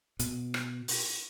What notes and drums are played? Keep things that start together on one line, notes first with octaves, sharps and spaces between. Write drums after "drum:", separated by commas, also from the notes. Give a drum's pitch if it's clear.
B2, drum: hi-hat
drum: rim click
drum: open hi-hat